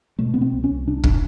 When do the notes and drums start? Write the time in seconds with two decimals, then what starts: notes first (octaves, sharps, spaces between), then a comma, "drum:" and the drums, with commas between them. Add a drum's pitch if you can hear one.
0.19 B2 A3
0.34 B2 B3
0.41 C4
0.52 C2
0.64 C#4
0.71 C2
0.87 C3 D4
1.04 C3 D4, drum: kick